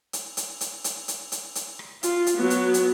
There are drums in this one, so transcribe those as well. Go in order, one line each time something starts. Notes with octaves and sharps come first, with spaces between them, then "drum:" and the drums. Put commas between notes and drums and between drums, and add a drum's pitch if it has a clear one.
drum: hi-hat
drum: hi-hat
drum: hi-hat
drum: hi-hat
drum: hi-hat
drum: hi-hat
drum: hi-hat
drum: rim click
F4, drum: hi-hat
drum: hi-hat
F#3 B3
drum: hi-hat
drum: hi-hat